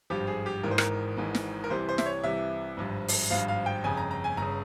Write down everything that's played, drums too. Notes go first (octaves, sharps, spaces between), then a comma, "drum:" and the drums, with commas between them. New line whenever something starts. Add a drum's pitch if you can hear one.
G#1 G2 F3 G4
G#4
G4
G#1 G#2 E3 A#4
C5
A#4, drum: rim click
G#1 G#2 E3
drum: snare
A#4
C2 C3 E3 C5
C5
E5, drum: snare
C#5
C2 C3 E3 E5
G#1 G2 F3
drum: open hi-hat
G#1 G2 F3 F5
F5
G5
G1 F2 C#3 G#5
A#5
A#5
G#5
G1 C#3 A#5